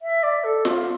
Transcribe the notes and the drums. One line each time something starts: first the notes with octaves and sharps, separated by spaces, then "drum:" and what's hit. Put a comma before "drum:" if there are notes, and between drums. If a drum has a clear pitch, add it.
E5
D5
A4
F4, drum: snare F4